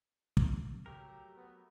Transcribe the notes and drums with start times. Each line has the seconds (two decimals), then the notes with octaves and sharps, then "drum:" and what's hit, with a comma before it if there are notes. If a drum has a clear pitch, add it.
0.37 drum: kick
0.86 F#3 A3 G4 A#4
1.37 B3